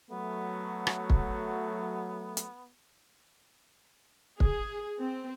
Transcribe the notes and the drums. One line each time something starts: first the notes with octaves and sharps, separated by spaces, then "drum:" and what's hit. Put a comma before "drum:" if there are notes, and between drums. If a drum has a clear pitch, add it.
F#3 A3 B3
drum: rim click
drum: kick
drum: hi-hat
G#4, drum: kick
C4